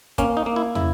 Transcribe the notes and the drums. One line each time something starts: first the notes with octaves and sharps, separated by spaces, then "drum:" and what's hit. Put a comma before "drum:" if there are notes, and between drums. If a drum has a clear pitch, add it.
A#3 C#4, drum: kick, hi-hat
D#4
A#3
E4
C#3 E4, drum: tom